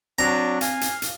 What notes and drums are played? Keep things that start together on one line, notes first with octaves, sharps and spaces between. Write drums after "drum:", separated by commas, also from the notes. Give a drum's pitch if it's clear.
F#3 C4 D4 A#5
F5 G#5, drum: hi-hat
drum: hi-hat
drum: hi-hat